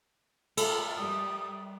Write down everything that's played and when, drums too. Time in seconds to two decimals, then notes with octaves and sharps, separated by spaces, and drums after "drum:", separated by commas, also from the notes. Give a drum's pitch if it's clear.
0.57 F4 A4, drum: cymbal
0.97 G3 D#6